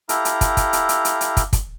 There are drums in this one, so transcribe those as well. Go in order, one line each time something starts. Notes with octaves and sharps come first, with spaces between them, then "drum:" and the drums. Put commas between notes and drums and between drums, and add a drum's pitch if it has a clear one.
E4 G4 A4 F5 A#5, drum: hi-hat
drum: hi-hat
drum: kick, hi-hat
drum: kick, hi-hat
drum: hi-hat
drum: hi-hat
drum: hi-hat
drum: hi-hat
drum: kick, hi-hat
drum: kick, hi-hat